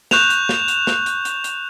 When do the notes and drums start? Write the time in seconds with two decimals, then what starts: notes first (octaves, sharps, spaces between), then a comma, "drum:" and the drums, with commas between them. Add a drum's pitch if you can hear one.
0.11 C#6 F#6 G6 E7 F7, drum: snare
0.30 drum: hi-hat
0.49 drum: snare
0.68 drum: hi-hat
0.87 drum: snare
1.06 drum: hi-hat
1.25 drum: hi-hat
1.44 drum: hi-hat